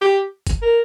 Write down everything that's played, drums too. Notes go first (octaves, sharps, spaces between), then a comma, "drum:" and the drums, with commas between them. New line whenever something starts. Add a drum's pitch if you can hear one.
G4
drum: kick G1, hi-hat
A#4